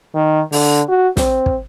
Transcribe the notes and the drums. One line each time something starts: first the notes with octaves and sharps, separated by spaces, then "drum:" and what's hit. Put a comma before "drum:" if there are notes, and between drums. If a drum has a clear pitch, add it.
D#3
D3, drum: open hi-hat
F#4
C4, drum: snare
drum: kick